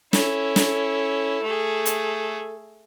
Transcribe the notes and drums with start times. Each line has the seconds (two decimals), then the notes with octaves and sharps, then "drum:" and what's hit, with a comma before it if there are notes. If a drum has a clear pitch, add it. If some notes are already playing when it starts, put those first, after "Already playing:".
0.13 C#4 E4 A4, drum: snare
0.56 drum: snare
1.44 A3 G#4
1.85 drum: hi-hat